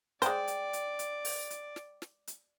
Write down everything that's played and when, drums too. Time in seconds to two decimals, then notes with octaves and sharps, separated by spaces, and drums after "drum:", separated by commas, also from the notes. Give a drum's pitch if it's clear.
0.22 G#3 C5 D5 G5, drum: hi-hat
0.48 drum: hi-hat
0.73 drum: hi-hat
0.99 drum: hi-hat
1.25 drum: open hi-hat
1.50 drum: hi-hat
1.76 drum: snare
2.02 drum: snare
2.27 drum: hi-hat